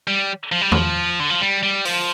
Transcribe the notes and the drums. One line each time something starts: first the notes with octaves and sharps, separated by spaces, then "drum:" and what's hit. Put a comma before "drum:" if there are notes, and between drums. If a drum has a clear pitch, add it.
G3
F3
G3
F3, drum: tom E2
D3
F3
G3
G3
F3, drum: open hi-hat